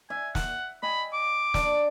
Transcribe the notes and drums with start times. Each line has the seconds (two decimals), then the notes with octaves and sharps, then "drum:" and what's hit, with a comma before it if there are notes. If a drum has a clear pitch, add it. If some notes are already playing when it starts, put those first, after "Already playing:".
0.10 E5 G#5
0.35 F#5, drum: snare
0.83 D#5 G5 G#5 B5
1.13 D6
1.54 D4, drum: snare